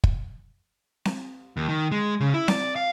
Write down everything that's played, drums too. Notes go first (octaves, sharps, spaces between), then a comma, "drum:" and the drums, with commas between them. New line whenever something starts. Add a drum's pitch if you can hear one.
drum: kick
drum: snare C4
D#2
D#3
G#3
C#3
E4
D5, drum: snare C4
F5